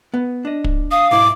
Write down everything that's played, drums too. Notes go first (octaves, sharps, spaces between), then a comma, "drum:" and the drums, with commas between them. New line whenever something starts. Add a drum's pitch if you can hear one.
B3
D4 D#5
drum: kick
F5 D#6
B1 G#2 E4 D6